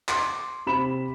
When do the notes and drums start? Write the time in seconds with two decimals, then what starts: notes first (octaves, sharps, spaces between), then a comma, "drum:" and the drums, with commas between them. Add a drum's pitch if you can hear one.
0.09 C6 D6, drum: clap
0.67 C3 C5 B5 E7